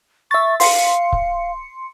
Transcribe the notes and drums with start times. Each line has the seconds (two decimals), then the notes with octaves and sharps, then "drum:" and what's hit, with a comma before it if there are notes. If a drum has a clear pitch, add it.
0.31 E5 C#6 A6
0.60 F5 C6 C#7, drum: open hi-hat
1.13 drum: kick C#1